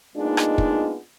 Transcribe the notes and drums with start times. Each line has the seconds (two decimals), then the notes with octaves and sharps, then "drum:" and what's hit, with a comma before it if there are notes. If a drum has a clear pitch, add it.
0.16 G#3 A#3 B3 D4 D#4 F4
0.37 drum: rim click
0.58 drum: kick